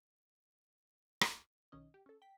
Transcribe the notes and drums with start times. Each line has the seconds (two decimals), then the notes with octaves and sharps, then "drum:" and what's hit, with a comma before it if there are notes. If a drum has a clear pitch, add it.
1.21 drum: rim click
1.72 B1 D#3 C#4 D#5
1.94 G4
2.06 C#4 A4
2.22 G5 B6